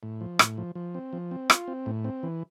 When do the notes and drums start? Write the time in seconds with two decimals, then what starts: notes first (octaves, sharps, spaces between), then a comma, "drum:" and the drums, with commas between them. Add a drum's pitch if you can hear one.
0.03 A2
0.21 F3
0.39 A2, drum: rim click
0.58 F3
0.75 F3
0.95 C4
1.13 F3
1.31 C4
1.50 F4, drum: rim click
1.68 C4
1.86 A2
2.04 C4
2.23 E3